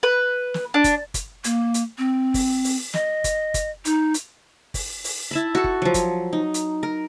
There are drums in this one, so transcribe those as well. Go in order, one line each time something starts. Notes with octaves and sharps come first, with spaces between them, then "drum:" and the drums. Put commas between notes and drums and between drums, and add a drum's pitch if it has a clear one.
B4
drum: snare
D4
drum: kick, hi-hat
drum: kick, hi-hat
A#3, drum: hi-hat
drum: hi-hat
C4
drum: kick, open hi-hat
drum: open hi-hat
D#5, drum: snare
drum: kick, hi-hat
drum: kick, hi-hat
D#4, drum: hi-hat
drum: hi-hat
drum: kick, open hi-hat
drum: open hi-hat
E4 A5 B5
F#4 A4
drum: kick
F3 F#3
drum: kick, hi-hat
D#4
drum: hi-hat
A#4